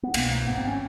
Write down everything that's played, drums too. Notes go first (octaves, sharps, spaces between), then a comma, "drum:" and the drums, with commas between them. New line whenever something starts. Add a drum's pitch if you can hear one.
B3
C2 B2 A#3, drum: cymbal
A#3
G#1 G#2 B3
C4
C#4